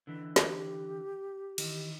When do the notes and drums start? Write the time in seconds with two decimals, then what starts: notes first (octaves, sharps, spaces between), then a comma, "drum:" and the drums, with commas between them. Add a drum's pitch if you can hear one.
0.07 D3 E3
0.36 G4, drum: snare
1.58 D#3 E3, drum: cymbal